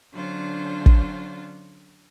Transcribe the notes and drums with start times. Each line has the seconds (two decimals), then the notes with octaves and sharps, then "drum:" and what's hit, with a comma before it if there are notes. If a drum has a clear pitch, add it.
0.13 D3 F#3 C#4 D4 F4 C5
0.86 drum: kick